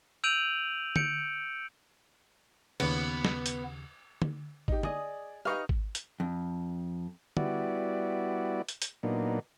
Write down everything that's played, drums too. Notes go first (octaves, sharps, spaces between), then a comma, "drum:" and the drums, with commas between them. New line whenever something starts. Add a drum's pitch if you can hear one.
E6 G6 D7 D#7 F7 F#7
G6 C#7 D7, drum: tom
D#2 C#3 B3, drum: cymbal
drum: snare
drum: hi-hat
drum: tom
D#4 G4, drum: kick G#1
G#4 D5 D#5, drum: tom D3
D#4 G4 B4 D#5 F5 C#6
drum: kick G#1
drum: hi-hat
F2
G3 B3 E4 F#4 D5, drum: tom
drum: hi-hat
drum: hi-hat
A#2 F#3 A#3 B3 D4 D#4